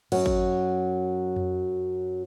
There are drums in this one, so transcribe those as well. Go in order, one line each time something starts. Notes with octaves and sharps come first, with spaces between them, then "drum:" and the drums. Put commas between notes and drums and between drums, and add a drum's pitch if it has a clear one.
F#2 F#3, drum: cymbal
drum: kick G#1
drum: tom F2